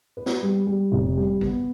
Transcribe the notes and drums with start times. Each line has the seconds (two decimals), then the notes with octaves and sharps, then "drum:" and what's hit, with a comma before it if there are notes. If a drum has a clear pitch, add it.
0.17 B4
0.26 drum: snare
0.43 G3
0.67 G3
0.92 F1
1.17 G3
1.41 B3, drum: kick G#1